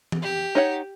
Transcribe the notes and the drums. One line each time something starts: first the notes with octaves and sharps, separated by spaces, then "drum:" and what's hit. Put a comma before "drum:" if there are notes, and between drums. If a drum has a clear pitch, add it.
drum: tom E3
G4
D#4 C#5 F#5